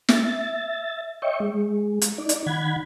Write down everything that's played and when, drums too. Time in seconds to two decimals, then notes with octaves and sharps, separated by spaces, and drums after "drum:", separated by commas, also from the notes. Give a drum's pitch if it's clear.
0.09 E5 A6, drum: snare
1.22 C#5 D#5 E5 G5 C#6
1.40 G#3
2.01 drum: hi-hat
2.18 D#4 D5
2.29 drum: hi-hat
2.46 D#3 F#5 B5 G#6